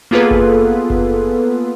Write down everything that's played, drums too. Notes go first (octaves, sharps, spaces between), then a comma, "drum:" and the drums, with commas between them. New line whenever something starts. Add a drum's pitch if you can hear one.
A#3 B3 F4 G#4 A4 B4
drum: kick F#1
drum: kick F#1